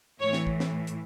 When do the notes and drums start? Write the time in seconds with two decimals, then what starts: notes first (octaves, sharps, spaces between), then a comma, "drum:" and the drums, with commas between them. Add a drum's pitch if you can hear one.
0.20 A2 E3 C#5
0.33 drum: snare
0.47 drum: kick
0.60 drum: snare
0.87 drum: hi-hat